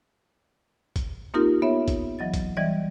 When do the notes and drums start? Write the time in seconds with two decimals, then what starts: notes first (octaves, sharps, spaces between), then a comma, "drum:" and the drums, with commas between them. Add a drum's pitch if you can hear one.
0.96 drum: kick, hi-hat
1.34 A#3 C4 D#4 F4 G4 A#4
1.62 B3 C#5 E5
1.88 drum: kick, hi-hat
2.19 E3 F#3 D#5 A6
2.34 drum: kick, hi-hat
2.57 E3 G3 D5 D#5